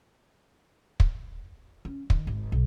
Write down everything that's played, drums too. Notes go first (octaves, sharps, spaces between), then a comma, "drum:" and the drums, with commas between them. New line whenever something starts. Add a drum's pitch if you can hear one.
drum: kick
C#4
D#3, drum: kick
G#1
B1